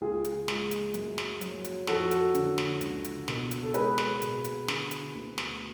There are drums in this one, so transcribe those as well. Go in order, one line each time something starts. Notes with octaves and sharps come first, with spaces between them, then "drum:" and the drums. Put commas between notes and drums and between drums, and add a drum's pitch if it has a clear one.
C#2 F4 G#4
drum: hi-hat
G#3, drum: snare
drum: hi-hat
F#2, drum: hi-hat
drum: snare
F#3, drum: hi-hat
drum: hi-hat
F2 F#4 A4, drum: snare
drum: hi-hat
D3, drum: hi-hat
drum: snare
C#2, drum: hi-hat
drum: hi-hat
B2, drum: snare
drum: hi-hat
A4
G#3 G#4 B4, drum: hi-hat
drum: snare
B2, drum: hi-hat
drum: hi-hat
D3, drum: snare
drum: hi-hat
D2
drum: snare